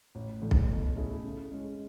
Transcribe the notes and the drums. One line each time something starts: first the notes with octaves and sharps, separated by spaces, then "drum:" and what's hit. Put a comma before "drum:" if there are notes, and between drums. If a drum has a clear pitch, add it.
A1
A2 E3 A3 D4
drum: kick B1
B2
A3 C#4 E4 G#4
C#3
G#3 C#4